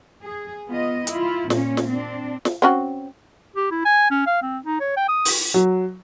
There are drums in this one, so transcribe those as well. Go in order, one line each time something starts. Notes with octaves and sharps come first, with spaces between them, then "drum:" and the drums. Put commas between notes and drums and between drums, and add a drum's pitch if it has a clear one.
G#4
B3 F4 D#5
E4 F4, drum: hi-hat
A#2 A#3 C#4, drum: snare
drum: snare
C4 D4
drum: snare
C4 C#4 F#4
G4
E4
G#5
C#4
F5
C4
D#4
C#5
G5
D#6
drum: open hi-hat
F#3